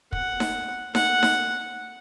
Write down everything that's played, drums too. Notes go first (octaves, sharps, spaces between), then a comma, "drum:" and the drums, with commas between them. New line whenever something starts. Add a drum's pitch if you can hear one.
F#5, drum: kick
drum: snare D#4
F#5, drum: snare D#4
drum: snare D#4